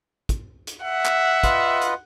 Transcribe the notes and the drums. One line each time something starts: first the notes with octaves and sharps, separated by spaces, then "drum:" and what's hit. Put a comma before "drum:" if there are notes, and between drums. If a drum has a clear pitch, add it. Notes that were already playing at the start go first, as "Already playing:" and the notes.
drum: kick, hi-hat
drum: hi-hat
E5 F#5
drum: clap
F4 B4 D#5, drum: kick, hi-hat
drum: hi-hat